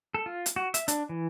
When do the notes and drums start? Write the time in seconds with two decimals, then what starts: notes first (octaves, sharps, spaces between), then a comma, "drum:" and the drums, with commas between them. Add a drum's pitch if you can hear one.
0.14 A4
0.26 F4
0.46 drum: hi-hat
0.56 F#4
0.74 E5, drum: hi-hat
0.88 D4, drum: hi-hat
1.09 E3